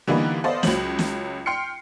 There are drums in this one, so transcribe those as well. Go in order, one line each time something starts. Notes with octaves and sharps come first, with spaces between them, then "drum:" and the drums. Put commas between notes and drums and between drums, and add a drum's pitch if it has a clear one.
D3 E3 G3 A#3 B3 D#4
B3 A4 C5 D5 D#5 F5
C#2 F#3 C#4 F#7, drum: snare
drum: snare
G5 C6 F6 C7 C#7